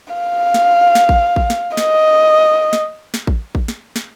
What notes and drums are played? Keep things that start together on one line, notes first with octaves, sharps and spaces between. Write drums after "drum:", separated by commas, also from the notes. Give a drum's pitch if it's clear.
F5
drum: snare
drum: snare
drum: kick A1
drum: kick A1
drum: snare
D#5, drum: snare
drum: snare
drum: snare
drum: kick A1
drum: kick A1
drum: snare
drum: snare